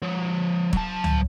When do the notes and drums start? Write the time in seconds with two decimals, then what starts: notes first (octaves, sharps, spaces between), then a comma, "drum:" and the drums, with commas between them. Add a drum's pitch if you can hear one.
0.02 F3 C#5
0.73 F#3 A5, drum: kick
1.04 drum: tom C#2